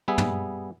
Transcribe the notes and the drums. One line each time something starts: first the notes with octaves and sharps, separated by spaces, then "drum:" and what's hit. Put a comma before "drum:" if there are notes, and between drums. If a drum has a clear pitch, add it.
G3 B3 G#4 E5
drum: tom